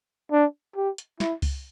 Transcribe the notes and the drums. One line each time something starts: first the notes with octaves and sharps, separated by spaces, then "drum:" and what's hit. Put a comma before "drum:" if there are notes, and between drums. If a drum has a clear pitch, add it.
D4
G4
drum: hi-hat
E4, drum: snare
drum: kick C#2, open hi-hat